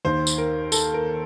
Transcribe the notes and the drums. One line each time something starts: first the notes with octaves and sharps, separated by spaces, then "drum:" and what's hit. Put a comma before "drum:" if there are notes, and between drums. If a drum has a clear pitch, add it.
D#2 D#3 C5
drum: tambourine
A#4
A4, drum: tambourine
A#4